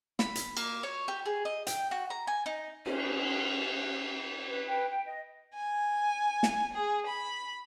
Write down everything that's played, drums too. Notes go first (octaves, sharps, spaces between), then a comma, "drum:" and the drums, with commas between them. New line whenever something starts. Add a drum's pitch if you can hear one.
B5, drum: snare
drum: hi-hat
A#3, drum: cymbal
C#5
G4
G#4
D#5
G5, drum: hi-hat
F#4
A#5
G#5
D#4
C#4, drum: cymbal
B4
B4 G5
G5
D#5
G#5
drum: snare
G#4
B5